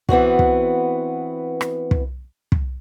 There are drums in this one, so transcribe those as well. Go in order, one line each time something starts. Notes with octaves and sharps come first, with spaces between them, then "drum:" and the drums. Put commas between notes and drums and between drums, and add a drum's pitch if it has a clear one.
E3 B3 C4 F#4, drum: kick
drum: kick
drum: rim click
drum: kick
drum: kick